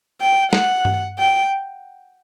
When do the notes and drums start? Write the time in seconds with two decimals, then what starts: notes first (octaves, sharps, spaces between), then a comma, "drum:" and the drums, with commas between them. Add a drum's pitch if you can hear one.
0.21 G5
0.53 F#5, drum: snare
0.85 drum: tom G2
1.19 G5